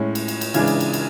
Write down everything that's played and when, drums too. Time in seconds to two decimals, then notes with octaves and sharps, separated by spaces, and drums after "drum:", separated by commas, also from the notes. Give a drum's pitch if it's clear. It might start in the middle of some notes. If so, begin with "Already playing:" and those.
Already playing: A2 G#3 C#4
0.15 drum: cymbal
0.28 drum: cymbal
0.41 drum: cymbal
0.54 C#3 E3 G#3 D4 G#6, drum: cymbal
0.67 drum: cymbal
0.80 drum: cymbal
0.93 drum: cymbal